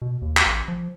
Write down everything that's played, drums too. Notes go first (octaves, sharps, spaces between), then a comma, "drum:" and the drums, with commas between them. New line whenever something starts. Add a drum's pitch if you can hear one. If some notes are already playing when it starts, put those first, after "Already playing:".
B2
D#2
drum: clap
A1
F3